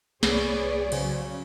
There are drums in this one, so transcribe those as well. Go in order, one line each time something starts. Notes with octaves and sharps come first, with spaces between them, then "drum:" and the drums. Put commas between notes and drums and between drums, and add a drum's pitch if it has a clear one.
C2 B3 G#4 C#5 D5, drum: snare
C#3 F#3 C5 G#5, drum: cymbal